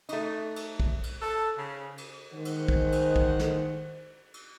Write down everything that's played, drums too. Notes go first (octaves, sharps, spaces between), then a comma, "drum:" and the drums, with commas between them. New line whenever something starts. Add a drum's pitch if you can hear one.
A3 D#4, drum: cymbal
drum: cymbal
drum: kick
drum: cymbal
A4
C#3
drum: cymbal
D#3 G#3 C5 F#5
drum: cymbal
drum: kick
drum: cymbal
drum: kick
drum: snare
drum: cymbal